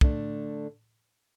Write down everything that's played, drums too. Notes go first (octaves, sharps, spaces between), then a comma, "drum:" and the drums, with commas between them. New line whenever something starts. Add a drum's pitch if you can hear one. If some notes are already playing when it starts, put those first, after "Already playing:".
D3 A3 D4, drum: kick